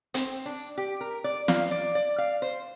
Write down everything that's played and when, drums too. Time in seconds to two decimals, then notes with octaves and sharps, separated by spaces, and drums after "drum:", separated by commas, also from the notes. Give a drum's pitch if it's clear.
0.14 C4, drum: hi-hat
0.46 D4
0.78 G4
1.01 A#4
1.24 D5
1.48 F5, drum: snare
1.71 D5
1.95 D5
2.18 F5
2.42 C5